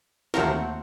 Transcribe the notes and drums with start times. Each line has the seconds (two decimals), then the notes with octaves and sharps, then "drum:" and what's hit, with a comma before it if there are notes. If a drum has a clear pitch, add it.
0.34 D#2 A3 C4 A#4 F#5, drum: snare